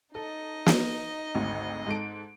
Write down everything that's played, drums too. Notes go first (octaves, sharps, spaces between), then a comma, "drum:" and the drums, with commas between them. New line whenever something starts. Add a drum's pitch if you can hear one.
D#4 A4 D#5
drum: snare
G#1 D2 F#4
G#2 A4 D7